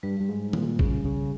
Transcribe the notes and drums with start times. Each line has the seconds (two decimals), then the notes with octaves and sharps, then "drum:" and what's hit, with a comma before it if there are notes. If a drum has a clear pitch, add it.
0.03 G2 G3
0.20 G2
0.29 G#2
0.53 A#2, drum: tom D#3
0.79 C#3, drum: kick
1.05 C#3